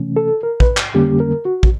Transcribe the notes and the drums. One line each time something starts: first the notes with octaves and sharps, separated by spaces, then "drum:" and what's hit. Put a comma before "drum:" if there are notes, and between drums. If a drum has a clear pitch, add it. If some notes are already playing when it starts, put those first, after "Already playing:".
Already playing: C3 E3 A3 C#4
A4
A#4
B4, drum: kick
drum: clap
F2 D3 G3 A#3 C#4 G4
A#4
F#4
drum: kick